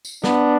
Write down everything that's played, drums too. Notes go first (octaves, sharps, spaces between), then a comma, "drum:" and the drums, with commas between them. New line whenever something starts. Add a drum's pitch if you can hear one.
drum: tambourine
B3 D4, drum: snare